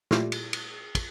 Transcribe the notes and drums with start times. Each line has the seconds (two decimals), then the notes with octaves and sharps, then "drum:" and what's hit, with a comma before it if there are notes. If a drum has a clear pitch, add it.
0.11 A#2 G3 A3 E4 F4 G4, drum: snare
0.32 drum: cymbal
0.53 drum: cymbal
0.95 drum: kick, cymbal